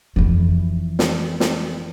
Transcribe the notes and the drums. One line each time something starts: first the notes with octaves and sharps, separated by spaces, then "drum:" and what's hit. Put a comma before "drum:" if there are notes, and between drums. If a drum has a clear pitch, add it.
F2 E3
drum: snare
drum: snare